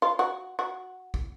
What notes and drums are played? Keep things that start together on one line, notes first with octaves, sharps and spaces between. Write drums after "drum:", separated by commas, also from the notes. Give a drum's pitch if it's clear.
F4
F#4
F#4
drum: kick